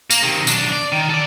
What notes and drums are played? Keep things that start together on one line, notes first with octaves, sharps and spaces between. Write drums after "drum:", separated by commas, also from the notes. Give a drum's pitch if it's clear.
A#3, drum: tambourine
C3 D#3
B1 D4, drum: tambourine
D5
D#3
A4 D5